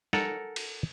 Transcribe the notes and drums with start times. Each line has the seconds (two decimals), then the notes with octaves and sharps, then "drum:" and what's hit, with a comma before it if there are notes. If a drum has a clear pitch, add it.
0.13 A4 A#4 F#5 G#5 A#5, drum: snare
0.56 drum: cymbal